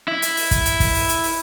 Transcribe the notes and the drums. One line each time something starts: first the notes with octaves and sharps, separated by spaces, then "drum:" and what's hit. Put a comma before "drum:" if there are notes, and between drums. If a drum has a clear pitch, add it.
E4
drum: hi-hat
drum: open hi-hat
drum: kick, hi-hat
drum: hi-hat
drum: kick, open hi-hat
drum: open hi-hat
drum: hi-hat
drum: open hi-hat